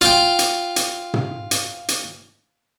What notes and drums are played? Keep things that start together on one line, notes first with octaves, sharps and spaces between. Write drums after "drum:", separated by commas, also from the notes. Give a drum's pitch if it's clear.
F4 G5, drum: hi-hat
drum: hi-hat
drum: hi-hat
drum: tom
drum: hi-hat
drum: hi-hat